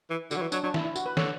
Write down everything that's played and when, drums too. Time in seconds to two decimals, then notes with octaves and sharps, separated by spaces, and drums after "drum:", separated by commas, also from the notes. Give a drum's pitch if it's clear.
0.10 E3
0.31 D3 F#4, drum: tambourine
0.36 F#3
0.42 E3
0.52 F#3 D4, drum: tambourine
0.63 F#3 D4
0.74 E4, drum: snare
0.84 E4
0.96 F#4, drum: tambourine
1.06 B4
1.17 D3 C#5, drum: snare